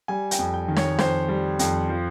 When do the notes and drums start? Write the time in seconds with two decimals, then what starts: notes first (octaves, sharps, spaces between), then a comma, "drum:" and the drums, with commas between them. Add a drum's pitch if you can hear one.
0.08 G3 G#5
0.31 G5, drum: hi-hat
0.39 F2
0.54 G5
0.68 D#3
0.77 C#5, drum: snare
0.99 F2 C5, drum: snare
1.28 G3
1.59 F2, drum: hi-hat
1.89 F3